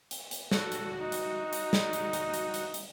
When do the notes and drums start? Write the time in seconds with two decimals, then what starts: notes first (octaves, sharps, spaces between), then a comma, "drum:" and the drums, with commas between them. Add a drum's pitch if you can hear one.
0.11 drum: hi-hat
0.31 drum: hi-hat
0.51 F#4 A4, drum: snare
0.72 drum: hi-hat
1.00 D#4
1.12 drum: hi-hat
1.53 drum: hi-hat
1.73 drum: snare
1.93 drum: hi-hat
2.13 drum: hi-hat
2.34 drum: hi-hat
2.54 drum: hi-hat
2.74 drum: hi-hat